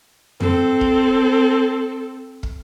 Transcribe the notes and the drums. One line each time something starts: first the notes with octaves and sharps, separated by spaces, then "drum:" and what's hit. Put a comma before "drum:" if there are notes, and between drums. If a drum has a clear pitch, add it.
C4 A4, drum: tom F2
drum: kick
drum: kick